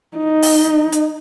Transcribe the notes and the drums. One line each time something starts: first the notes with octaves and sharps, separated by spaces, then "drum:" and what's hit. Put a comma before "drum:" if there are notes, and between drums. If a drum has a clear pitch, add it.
D#4
drum: open hi-hat
drum: hi-hat